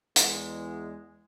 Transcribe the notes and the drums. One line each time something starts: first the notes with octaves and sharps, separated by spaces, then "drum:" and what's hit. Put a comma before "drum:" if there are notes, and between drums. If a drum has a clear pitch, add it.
E2 G#3, drum: hi-hat